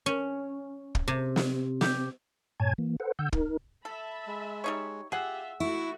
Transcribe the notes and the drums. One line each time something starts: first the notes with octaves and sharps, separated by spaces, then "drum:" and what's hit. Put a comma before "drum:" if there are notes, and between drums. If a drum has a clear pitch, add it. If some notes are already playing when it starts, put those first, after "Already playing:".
C#4
drum: kick
C3
drum: snare
G4, drum: snare
G2 A#2 C#5 G#5 A5 G#6
E3 A#3
A4 B4 C5 F#5
D3 F#5 E6 G6
D#4 A#4, drum: kick
A4 E5 A5 B5
G#3
G3 D#4 C#5
F4 G4 G#4 E5 F#5
A3 E4 F#4 C#6